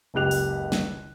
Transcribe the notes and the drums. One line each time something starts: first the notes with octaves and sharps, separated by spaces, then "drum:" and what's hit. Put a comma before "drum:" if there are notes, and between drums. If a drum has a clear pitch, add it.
F#1 C#2 G4 F#6 F7
drum: open hi-hat
drum: snare